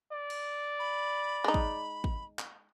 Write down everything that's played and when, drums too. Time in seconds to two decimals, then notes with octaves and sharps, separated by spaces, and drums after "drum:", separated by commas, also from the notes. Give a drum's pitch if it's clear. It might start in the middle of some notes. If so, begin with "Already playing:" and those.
0.12 D5
0.30 drum: cymbal
0.79 B5
1.44 G#3 D#4
1.54 drum: kick
2.04 drum: kick
2.39 drum: clap